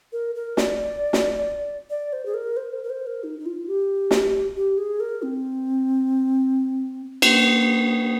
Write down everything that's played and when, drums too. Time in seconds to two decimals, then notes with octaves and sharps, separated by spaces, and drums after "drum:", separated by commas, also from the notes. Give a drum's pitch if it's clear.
0.13 A#4
0.35 A#4
0.57 D5, drum: snare
1.13 drum: snare
1.90 D5
2.13 C5
2.26 G#4
2.34 A#4
2.57 C5
2.73 A#4
2.83 A#4
2.90 C5
3.07 A#4
3.24 D#4
3.39 D#4
3.46 F4
3.67 G4
4.11 drum: snare
4.56 G4
4.78 G#4
5.00 A#4
5.22 C4
7.22 A#3, drum: cymbal